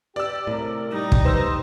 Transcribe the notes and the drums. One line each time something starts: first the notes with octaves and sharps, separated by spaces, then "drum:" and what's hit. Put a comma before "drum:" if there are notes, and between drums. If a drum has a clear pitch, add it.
G4 D5 E6
A2 C3 A#4
G3 D#4
drum: kick
F2 D#3 C5 E6